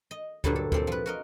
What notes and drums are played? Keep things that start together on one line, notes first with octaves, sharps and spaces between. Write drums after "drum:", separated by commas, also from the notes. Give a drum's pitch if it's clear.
D#5
G2 A#2 D3 F#3 G3, drum: kick D2
A4
A#2 C4 A4, drum: kick D2
F3 B4
F#4 A#4 D#5